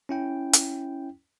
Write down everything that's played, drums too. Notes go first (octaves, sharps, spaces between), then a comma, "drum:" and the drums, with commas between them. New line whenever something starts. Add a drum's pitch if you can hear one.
C#4 E4 G5
drum: hi-hat